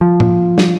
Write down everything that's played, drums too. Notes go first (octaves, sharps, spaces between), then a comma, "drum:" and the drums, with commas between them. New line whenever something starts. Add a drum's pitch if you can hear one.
F3
drum: tom A2
drum: snare